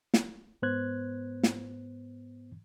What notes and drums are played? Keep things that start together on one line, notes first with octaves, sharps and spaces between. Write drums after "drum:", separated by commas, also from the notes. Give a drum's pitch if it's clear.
drum: snare
G#2 B3 C5 F#6 G#6
drum: snare